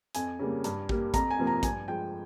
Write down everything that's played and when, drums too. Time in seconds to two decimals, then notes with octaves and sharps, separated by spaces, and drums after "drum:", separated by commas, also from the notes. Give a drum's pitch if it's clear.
0.15 F2 G#5, drum: hi-hat
0.39 C#3 G3 A#3
0.64 G2, drum: hi-hat
0.89 G3 A#3, drum: kick A1
1.14 F2 A#5, drum: kick A1, hi-hat
1.30 G#5
1.39 C3 F3 A#3
1.47 A#5
1.63 G2 G#5, drum: kick A1, hi-hat
1.88 F3 G#3 G5